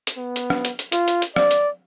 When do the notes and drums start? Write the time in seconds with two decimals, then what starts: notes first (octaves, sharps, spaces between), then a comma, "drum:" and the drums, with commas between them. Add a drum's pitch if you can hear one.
0.07 drum: hi-hat
0.17 B3
0.36 drum: hi-hat
0.50 drum: rim click
0.65 drum: hi-hat
0.79 drum: hi-hat
0.92 F4, drum: hi-hat
1.08 drum: hi-hat
1.22 drum: hi-hat
1.36 D5, drum: rim click
1.51 drum: hi-hat